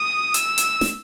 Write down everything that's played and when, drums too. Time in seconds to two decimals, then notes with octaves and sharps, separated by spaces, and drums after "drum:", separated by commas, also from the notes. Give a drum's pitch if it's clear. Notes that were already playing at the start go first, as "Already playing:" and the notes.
Already playing: D#6
0.34 E6, drum: hi-hat
0.58 drum: hi-hat
0.81 drum: snare